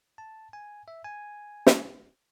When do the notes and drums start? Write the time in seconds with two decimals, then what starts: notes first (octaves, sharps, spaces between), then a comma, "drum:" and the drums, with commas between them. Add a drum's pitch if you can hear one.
0.18 A5
0.53 G#5
0.88 E5
1.04 G#5
1.66 drum: snare